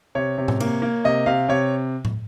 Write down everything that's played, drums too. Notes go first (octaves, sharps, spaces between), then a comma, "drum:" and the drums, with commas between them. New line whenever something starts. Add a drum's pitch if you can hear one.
C3 C#5
C3
drum: tom A2
A#3, drum: cymbal
A#3
C3 D#5
C3 F5
C3 C#5
drum: tom A2